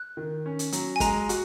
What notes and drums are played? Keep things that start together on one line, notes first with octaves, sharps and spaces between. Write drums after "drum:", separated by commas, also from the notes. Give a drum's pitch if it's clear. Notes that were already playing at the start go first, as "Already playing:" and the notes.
Already playing: F#6
D#3
C#4
drum: hi-hat
F#3, drum: hi-hat
G#5
G#3 A#5, drum: kick, hi-hat
F#4, drum: hi-hat